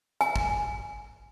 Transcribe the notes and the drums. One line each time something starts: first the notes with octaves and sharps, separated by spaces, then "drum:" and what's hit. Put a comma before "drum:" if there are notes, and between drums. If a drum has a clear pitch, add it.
G#5, drum: hi-hat
drum: kick